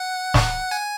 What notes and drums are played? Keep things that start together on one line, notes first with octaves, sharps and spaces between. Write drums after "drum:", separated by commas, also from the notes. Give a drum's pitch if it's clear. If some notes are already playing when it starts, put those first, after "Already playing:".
Already playing: F#5
drum: snare
G#5